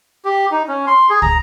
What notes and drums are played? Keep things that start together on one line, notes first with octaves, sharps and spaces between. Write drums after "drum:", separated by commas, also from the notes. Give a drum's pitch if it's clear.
G4
D#4
C#4
C6
G#4
A#5, drum: kick